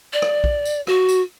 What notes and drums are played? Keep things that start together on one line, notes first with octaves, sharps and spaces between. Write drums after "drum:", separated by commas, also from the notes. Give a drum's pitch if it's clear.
D5
drum: rim click
drum: kick
drum: tambourine
F#4, drum: rim click
drum: tambourine